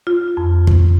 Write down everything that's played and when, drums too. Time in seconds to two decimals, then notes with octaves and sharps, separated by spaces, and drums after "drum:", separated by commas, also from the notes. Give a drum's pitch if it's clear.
0.07 F4
0.37 F2
0.67 drum: kick